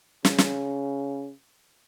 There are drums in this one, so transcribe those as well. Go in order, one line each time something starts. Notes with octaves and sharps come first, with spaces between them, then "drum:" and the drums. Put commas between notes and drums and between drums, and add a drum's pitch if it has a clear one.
C#3, drum: snare
drum: snare